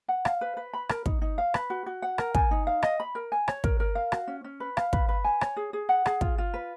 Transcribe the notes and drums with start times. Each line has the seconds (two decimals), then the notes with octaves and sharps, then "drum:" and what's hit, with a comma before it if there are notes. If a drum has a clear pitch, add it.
0.08 F#5
0.25 F5, drum: rim click
0.41 B4
0.57 B4
0.74 B5
0.89 A#4, drum: rim click
1.06 D#4, drum: kick
1.22 D#4
1.38 F5
1.54 B4, drum: rim click
1.70 F#4
1.86 F#4
2.02 F#5
2.18 A#4, drum: rim click
2.35 G#5, drum: kick
2.51 D#4
2.67 F5
2.83 D#5, drum: rim click
3.00 B5
3.15 A#4
3.32 G#5
3.48 C#5, drum: rim click
3.64 A#4, drum: kick
3.80 A#4
3.95 F5
4.12 F#4, drum: rim click
4.28 C#4
4.44 C#4
4.60 B4
4.77 F5, drum: rim click
4.93 B4, drum: kick
5.09 B4
5.24 G#5
5.41 C#5, drum: rim click
5.57 G#4
5.73 G#4
5.89 F#5
6.06 G#4, drum: rim click
6.21 F4, drum: kick
6.38 F4
6.54 B4